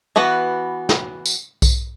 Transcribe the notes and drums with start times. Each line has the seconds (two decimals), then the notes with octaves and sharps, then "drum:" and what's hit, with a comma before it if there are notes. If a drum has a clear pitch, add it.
0.16 E3 B3 F#4 B4 F#5
0.89 drum: snare
1.26 drum: tambourine
1.62 drum: kick B1, tambourine